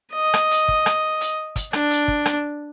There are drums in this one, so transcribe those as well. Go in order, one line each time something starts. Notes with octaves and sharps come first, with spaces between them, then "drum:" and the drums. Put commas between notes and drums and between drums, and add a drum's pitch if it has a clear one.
D#5
drum: rim click
drum: hi-hat
drum: kick
drum: rim click
drum: hi-hat
drum: kick, hi-hat
D4, drum: rim click
drum: hi-hat
drum: kick
drum: rim click